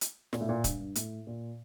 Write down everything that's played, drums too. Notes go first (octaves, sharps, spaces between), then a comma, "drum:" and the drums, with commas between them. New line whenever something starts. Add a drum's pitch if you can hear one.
drum: hi-hat
A#2, drum: snare
A2
A#2
G2, drum: kick, hi-hat
G2
A2, drum: hi-hat
A#2